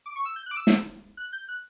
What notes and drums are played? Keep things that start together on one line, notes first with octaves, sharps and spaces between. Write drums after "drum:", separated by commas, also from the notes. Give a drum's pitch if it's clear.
D6
C#6
E6
G6
F#6
D6
E6
drum: snare
F#6
G6
F#6